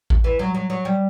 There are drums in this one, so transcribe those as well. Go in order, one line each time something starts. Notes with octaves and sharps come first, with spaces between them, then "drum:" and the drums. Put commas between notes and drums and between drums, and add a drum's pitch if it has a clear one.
drum: kick A1
E3
F#3
F#3
F#3
G3